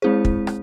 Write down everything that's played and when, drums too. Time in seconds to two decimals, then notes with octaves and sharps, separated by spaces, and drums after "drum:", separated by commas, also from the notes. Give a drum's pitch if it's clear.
0.02 G#3 C4 E4 G#4 C5
0.25 drum: kick
0.47 drum: rim click